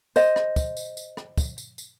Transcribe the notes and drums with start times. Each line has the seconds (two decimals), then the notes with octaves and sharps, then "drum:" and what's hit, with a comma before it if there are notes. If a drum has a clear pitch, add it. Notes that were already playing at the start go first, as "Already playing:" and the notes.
0.16 C5 D#5, drum: tambourine
0.36 drum: rim click
0.56 drum: kick, tambourine
0.77 drum: tambourine
0.97 drum: tambourine
1.17 drum: rim click
1.38 drum: kick, tambourine
1.58 drum: tambourine
1.78 drum: tambourine